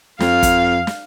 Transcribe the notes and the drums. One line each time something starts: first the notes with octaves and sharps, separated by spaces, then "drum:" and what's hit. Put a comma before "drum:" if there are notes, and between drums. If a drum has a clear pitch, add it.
F2 F5, drum: snare
drum: kick, hi-hat
drum: snare